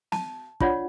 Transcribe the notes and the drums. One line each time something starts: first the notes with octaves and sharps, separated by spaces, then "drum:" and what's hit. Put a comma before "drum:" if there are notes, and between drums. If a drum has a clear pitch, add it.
A5, drum: snare
D4 F4 C#5 D5 F#5, drum: kick